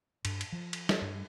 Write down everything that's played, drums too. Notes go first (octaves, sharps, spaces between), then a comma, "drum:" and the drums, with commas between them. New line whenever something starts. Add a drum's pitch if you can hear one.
G2, drum: cymbal
drum: cymbal
F3
drum: cymbal
drum: snare
G2